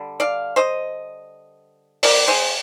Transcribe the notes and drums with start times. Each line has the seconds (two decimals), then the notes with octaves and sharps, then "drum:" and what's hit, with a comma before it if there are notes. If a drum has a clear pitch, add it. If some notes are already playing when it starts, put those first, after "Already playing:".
Already playing: D3 G3
0.20 D5 F5
0.56 C5 D#5
2.03 A#4 D5, drum: open hi-hat
2.27 G#4 C5